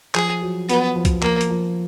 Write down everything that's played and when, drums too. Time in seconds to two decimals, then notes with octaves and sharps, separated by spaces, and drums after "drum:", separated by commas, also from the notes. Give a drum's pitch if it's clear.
0.15 F3 G#4, drum: clap
0.42 F#3
0.69 F#3 B3, drum: hi-hat
0.96 F3
1.05 drum: kick, hi-hat
1.22 F3 A#3, drum: clap
1.41 drum: hi-hat
1.50 F3